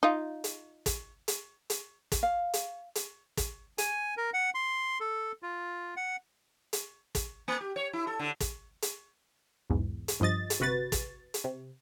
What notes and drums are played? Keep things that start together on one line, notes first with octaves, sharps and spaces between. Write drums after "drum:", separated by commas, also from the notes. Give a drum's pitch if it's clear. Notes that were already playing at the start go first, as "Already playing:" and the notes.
D#4 F4
drum: hi-hat
drum: kick, hi-hat
drum: hi-hat
drum: hi-hat
drum: kick, hi-hat
F5
drum: hi-hat
drum: hi-hat
drum: kick, hi-hat
G#5, drum: hi-hat
A#4
F#5
C6
A4
F4
F#5
drum: hi-hat
drum: kick, hi-hat
A#3
G4
C#5
E4
A4
D3
drum: kick, hi-hat
drum: hi-hat
B1 E2 G#2
drum: hi-hat
G1 G2 F3 D#5 A6
drum: hi-hat
G1 C3 F#4 B4 A6
drum: kick, hi-hat
drum: hi-hat
C3